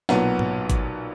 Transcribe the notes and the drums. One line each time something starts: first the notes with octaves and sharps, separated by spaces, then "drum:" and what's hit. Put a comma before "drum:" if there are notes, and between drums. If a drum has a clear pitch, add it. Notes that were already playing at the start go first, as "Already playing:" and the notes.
B1 A#2 F#3 B3, drum: snare
drum: tom G#2
drum: kick G#1, hi-hat